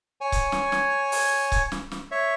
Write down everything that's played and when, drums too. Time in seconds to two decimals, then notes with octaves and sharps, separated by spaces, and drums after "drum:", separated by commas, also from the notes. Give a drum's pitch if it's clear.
0.21 C#5 G#5
0.32 drum: kick C#1, hi-hat
0.52 drum: snare
0.72 drum: snare
1.12 drum: open hi-hat
1.52 drum: kick C#1, hi-hat
1.72 drum: snare
1.92 drum: snare
2.11 C#5 E5